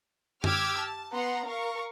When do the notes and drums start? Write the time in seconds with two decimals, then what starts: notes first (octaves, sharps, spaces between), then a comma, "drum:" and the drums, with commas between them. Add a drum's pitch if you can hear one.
0.44 G4 D6 E6 F6 G#6, drum: tom F#2
0.79 A5
1.13 B3 F#5 A#5 C6
1.47 A#4 F5 C#6